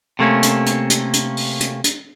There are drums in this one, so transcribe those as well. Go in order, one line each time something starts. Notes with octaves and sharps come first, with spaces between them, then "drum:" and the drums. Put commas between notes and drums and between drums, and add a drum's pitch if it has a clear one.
C3 A3 A#3 C#4
drum: hi-hat
drum: hi-hat
drum: hi-hat
drum: hi-hat
drum: open hi-hat
drum: hi-hat
drum: hi-hat